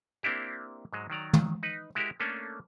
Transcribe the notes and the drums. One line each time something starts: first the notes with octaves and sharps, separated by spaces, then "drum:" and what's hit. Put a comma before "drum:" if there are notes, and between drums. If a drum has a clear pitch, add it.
A#3 C4 D4 E4 G4
G#2 F#3 G#3
D#3 F#3 D5 A#5
drum: tom
D#4 B4
G#3 E4 F#4 G4 A#4
A3 A#3 C#4 D4 A4